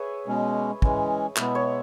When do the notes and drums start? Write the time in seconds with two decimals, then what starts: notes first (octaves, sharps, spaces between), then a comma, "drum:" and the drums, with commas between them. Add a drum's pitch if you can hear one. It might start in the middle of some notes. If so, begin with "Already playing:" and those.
Already playing: G#4 B4 C#5 E5
0.26 B2 G#3 C#4
0.82 E3 G#3 C#4, drum: kick
1.37 B2 G#3 B3 E4 E5, drum: clap
1.55 C#5